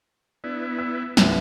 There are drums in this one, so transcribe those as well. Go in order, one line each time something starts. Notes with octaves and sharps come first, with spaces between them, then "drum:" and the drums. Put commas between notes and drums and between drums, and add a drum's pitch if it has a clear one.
B3 D4 E4
E6
G1 C2, drum: snare